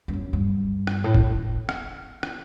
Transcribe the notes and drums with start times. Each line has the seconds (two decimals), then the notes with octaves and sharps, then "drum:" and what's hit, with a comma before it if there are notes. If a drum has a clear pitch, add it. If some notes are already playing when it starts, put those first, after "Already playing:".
0.08 G2
0.13 F#2
0.33 G2
0.87 drum: rim click
1.04 A2
1.15 drum: kick
1.69 drum: rim click
2.23 drum: rim click